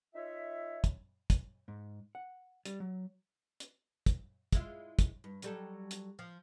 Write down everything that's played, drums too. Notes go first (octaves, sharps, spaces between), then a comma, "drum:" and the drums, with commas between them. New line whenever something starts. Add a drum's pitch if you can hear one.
D#4 F4 C#5 E5
drum: kick, hi-hat
drum: kick, hi-hat
G#2
F#5
G3, drum: hi-hat
F#3
drum: hi-hat
drum: kick, hi-hat
G#3 E4 F4, drum: kick, hi-hat
drum: kick, hi-hat
G2
F#3 G3 A4, drum: hi-hat
drum: hi-hat
F3